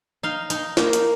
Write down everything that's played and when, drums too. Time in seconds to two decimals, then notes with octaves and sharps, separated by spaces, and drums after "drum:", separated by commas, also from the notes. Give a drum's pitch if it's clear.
0.23 D#4 F5
0.50 D#4, drum: hi-hat
0.77 A#3, drum: snare
0.93 drum: hi-hat